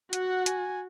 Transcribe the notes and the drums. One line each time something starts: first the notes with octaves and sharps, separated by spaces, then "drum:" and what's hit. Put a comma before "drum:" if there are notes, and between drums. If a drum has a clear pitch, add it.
F#4 F#5, drum: hi-hat
G#5, drum: hi-hat